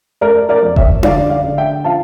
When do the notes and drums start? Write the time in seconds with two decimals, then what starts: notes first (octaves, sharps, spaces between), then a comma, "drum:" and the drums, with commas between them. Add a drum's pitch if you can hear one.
0.21 A3 A#4 D5
0.49 A#4 D5
0.62 F2
0.76 C#5 E5, drum: kick F#1
1.03 D3 D5 F5, drum: tom D4
1.30 D5 F5
1.45 D3
1.58 E5 G5
1.84 F3 F5 A5